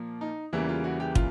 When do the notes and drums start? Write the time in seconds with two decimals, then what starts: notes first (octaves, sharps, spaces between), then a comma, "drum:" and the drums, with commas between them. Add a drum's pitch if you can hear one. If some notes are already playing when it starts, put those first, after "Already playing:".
Already playing: A#2 F3 A#3
0.21 D#4
0.53 E2 C#3 E3 G3 A#3 E4
0.69 F4
0.84 F#4
1.00 G4
1.15 F4, drum: kick